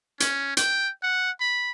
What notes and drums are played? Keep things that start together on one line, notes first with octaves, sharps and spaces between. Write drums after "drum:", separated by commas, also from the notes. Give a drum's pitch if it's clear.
C#4, drum: hi-hat
G5, drum: hi-hat
F#5
B5